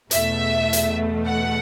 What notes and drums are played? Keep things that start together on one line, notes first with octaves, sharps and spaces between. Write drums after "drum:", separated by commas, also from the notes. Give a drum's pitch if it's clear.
E2 B2 A3 E5, drum: hi-hat
drum: hi-hat
F#5